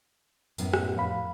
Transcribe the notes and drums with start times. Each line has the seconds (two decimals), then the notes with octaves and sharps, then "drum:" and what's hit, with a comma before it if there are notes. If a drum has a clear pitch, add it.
0.58 F#2 A2 B3, drum: tambourine
0.73 drum: rim click
0.97 F2 F5 B5